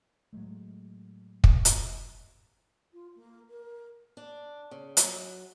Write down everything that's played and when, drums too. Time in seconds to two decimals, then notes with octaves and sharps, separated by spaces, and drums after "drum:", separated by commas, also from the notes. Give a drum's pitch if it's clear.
0.33 A2 F#3 G#3 A3
1.44 drum: kick
1.65 drum: hi-hat
2.93 F4
3.15 A#3
3.49 A#4
4.17 D4
4.71 C#3
4.97 F#3, drum: hi-hat